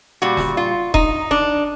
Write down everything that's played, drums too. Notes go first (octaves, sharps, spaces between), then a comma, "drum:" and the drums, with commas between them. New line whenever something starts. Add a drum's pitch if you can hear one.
A#2 G3 F#4
drum: snare
F4
D#4, drum: kick E1
D4